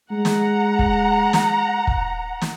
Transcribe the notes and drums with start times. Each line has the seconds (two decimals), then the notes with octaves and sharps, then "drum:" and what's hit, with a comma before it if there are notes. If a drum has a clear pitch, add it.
0.11 G#3 F#5 A#5
0.25 drum: snare
0.79 drum: kick
1.33 drum: snare
1.87 drum: kick
2.41 drum: snare